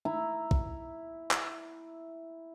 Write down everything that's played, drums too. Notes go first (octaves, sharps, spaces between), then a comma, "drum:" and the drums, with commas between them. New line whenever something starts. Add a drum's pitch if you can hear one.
E4 A#5
drum: kick
drum: clap